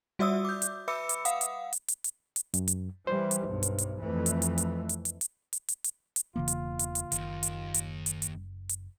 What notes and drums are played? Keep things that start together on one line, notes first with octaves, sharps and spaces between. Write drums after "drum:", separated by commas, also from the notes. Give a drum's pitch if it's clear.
G3 F#4 D5 E5 D#6 E6
D6 G6
drum: hi-hat
B4 E5 B5 D6 E6 C#7
drum: hi-hat
F5 F#5 D#6, drum: hi-hat
drum: hi-hat
drum: hi-hat
drum: hi-hat
drum: hi-hat
drum: hi-hat
F#2, drum: hi-hat
drum: hi-hat
E3 G3 C5
drum: hi-hat
B1 G2
drum: hi-hat
drum: hi-hat
F2 E3 A3
drum: hi-hat
drum: hi-hat
drum: hi-hat
drum: hi-hat
drum: hi-hat
drum: hi-hat
drum: hi-hat
drum: hi-hat
drum: hi-hat
drum: hi-hat
E1 C#3 E3 A#3 F4
drum: hi-hat
drum: hi-hat
drum: hi-hat
F#1 D#2, drum: hi-hat
drum: hi-hat
drum: hi-hat
drum: hi-hat
drum: hi-hat
drum: hi-hat